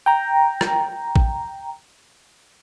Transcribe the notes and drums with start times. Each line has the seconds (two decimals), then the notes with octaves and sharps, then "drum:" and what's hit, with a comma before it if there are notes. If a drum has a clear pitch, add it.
0.06 G5 A#5
0.61 drum: rim click
1.16 drum: kick